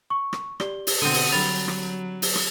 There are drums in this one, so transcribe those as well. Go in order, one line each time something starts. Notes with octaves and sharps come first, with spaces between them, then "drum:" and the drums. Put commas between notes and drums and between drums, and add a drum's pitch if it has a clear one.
C#6
drum: rim click
G4 D5 G7, drum: rim click
drum: open hi-hat
B2 D3 C4 F#5 D#6
drum: open hi-hat
D3 F#3 G3 B5 A6 F7
drum: rim click
drum: open hi-hat
drum: rim click